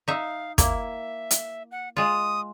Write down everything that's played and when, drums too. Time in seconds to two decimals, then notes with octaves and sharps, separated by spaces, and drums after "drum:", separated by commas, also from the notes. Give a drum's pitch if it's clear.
0.08 D#4 E5 F5
0.58 A#3 E4 E5, drum: kick, hi-hat
1.31 drum: hi-hat
1.71 F#5
1.97 G#3 F4 D#6